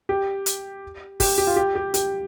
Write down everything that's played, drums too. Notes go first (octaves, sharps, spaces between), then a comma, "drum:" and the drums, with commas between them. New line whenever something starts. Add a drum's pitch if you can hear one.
G4
drum: hi-hat
G4, drum: kick, open hi-hat
G4
F4
G4
G4
G4, drum: hi-hat